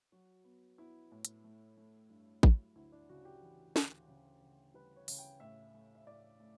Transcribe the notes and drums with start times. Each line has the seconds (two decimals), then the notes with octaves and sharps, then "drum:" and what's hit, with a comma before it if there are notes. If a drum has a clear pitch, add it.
0.12 F#3 F#4
0.44 B3
0.78 B3 E4
1.11 A2
1.25 drum: hi-hat
1.44 A3
1.77 A3
2.09 G2
2.43 F#3, drum: kick A1
2.75 D2 E4
2.92 D4
3.09 C#3 F#4
3.25 G4
3.42 E3
3.76 D2, drum: snare
4.08 C#3
4.42 C#3
4.74 G3 B4
4.96 C#5
5.08 C#3, drum: open hi-hat
5.18 G5
5.40 A2 E5
5.74 A3
5.95 E5
6.06 A2 D5
6.40 A3